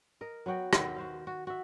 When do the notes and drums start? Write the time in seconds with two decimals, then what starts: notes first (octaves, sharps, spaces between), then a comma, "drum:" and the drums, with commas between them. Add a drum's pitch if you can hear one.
0.21 A#4 D#5
0.46 F#3 B3 F#4 G5
0.73 D#3 B3 F#4 E5, drum: rim click
0.96 F#4 C5 F5
1.27 F#4
1.47 F#4 E5